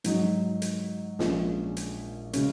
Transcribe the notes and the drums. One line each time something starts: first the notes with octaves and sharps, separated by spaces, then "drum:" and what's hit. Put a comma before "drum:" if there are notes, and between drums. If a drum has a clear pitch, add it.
G#2 F#3 D#4, drum: hi-hat
drum: hi-hat
A#1 A#2 G#3 C#4, drum: snare
drum: hi-hat
C#3 G#3 C#4, drum: hi-hat